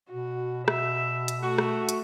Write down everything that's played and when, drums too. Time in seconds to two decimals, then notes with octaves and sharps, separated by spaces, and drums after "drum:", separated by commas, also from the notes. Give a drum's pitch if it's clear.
0.11 B2 F#4
0.68 E5, drum: rim click
1.28 drum: hi-hat
1.43 A3 F#4
1.58 drum: rim click
1.89 drum: hi-hat